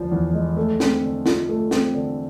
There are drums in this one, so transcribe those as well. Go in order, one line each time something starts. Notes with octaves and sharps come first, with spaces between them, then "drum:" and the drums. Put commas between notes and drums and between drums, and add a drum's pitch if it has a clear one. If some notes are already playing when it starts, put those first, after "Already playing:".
Already playing: E2 D3 F3
E2
G#3
A3
C4, drum: snare
D3
F4, drum: snare
A3
C4, drum: snare
D3